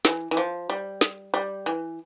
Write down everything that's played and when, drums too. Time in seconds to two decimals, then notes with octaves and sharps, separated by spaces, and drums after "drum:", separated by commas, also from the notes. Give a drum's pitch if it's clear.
0.05 E3, drum: snare
0.31 E3
0.37 F3, drum: hi-hat
0.70 G3
1.01 drum: snare
1.34 G3
1.66 E3, drum: hi-hat